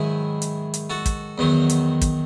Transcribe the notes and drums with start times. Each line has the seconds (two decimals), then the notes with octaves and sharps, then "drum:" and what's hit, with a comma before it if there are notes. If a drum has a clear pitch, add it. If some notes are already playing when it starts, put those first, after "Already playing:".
Already playing: G#2 D#3 F#3 E4 G#4
0.42 drum: hi-hat
0.74 drum: hi-hat
0.90 F#4 A4
1.06 drum: kick, hi-hat
1.38 E2 D#3 F#3
1.69 drum: hi-hat
2.01 drum: kick, hi-hat